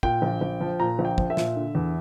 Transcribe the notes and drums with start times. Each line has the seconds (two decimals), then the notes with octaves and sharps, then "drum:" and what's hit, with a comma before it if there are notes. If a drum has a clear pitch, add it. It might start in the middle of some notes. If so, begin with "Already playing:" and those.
0.03 A#2 G5, drum: kick
0.22 A#1
0.41 A#1
0.61 F3
0.80 A#2 A#5
0.99 A#1
1.05 G5
1.18 F3, drum: kick
1.30 E5
1.37 A#2, drum: snare
1.56 D3
1.75 E2